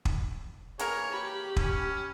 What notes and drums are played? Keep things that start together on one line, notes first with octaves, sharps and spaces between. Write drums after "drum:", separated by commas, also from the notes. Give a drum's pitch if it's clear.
drum: kick
E3 A#3 G#4 A#4 C#5, drum: hi-hat
G4 B5
C#4, drum: kick